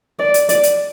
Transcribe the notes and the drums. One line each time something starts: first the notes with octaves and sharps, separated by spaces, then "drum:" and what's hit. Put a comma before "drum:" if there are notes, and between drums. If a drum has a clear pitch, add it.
D5
drum: hi-hat
D5, drum: hi-hat
drum: hi-hat